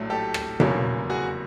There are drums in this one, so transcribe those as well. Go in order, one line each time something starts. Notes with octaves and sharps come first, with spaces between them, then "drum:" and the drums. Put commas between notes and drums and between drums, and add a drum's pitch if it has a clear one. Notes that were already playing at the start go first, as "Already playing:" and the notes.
Already playing: A#1 A2 F#3 A3
G4 A4
drum: rim click
F1 E2 C#3 F#3 A#3, drum: tom B2
F#4 G#4